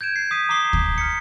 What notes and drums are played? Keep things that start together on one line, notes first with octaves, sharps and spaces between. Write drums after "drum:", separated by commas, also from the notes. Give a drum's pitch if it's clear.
G6 G#6 D7 E7
C7
D#6 B6 D#7
A#5 D6 D#6 C7 G7
drum: kick D2
F6 B6 C#7